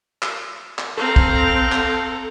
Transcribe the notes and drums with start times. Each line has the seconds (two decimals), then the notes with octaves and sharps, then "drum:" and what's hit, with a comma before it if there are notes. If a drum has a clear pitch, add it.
0.23 drum: clap
0.79 drum: clap
0.97 C4 A4 F5 A#5
1.16 drum: kick
1.72 drum: clap